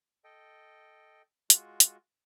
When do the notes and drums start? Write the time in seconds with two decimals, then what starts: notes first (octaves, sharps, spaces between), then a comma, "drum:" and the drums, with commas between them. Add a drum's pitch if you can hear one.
0.24 A4 D#5 G5
1.50 G#3 F4 F#4, drum: hi-hat
1.80 drum: hi-hat